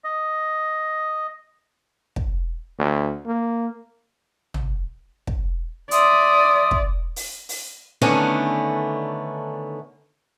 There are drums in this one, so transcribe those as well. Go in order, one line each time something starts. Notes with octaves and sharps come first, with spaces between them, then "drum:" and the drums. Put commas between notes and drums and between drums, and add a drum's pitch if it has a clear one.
D#5
drum: kick
D2
A#3
drum: tom
drum: kick
D5 E5 C6 D#6, drum: hi-hat
drum: kick
drum: open hi-hat
drum: open hi-hat
D3 D#3 A3 B3 C#4 D4